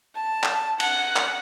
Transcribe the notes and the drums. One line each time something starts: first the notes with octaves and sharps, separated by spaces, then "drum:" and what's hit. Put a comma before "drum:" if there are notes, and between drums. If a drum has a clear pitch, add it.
A5
drum: clap
F#5, drum: cymbal
drum: clap